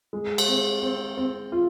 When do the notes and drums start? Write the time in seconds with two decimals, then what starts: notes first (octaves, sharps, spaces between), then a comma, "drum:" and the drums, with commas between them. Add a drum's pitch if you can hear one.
0.13 G#3
0.38 drum: cymbal
0.48 C4
0.82 C4
1.17 C4
1.52 F4